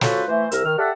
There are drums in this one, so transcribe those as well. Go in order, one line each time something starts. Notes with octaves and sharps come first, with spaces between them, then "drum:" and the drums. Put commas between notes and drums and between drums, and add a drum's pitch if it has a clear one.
C#4 F4 F#4 A4 B4 C5, drum: snare
E3 A3 C5
C2 A#4 E6, drum: hi-hat
D#3 F6
G4 A4 D5 E5 F#5